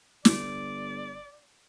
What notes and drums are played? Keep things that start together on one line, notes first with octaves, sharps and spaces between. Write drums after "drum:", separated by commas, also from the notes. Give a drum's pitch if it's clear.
G1 D5, drum: snare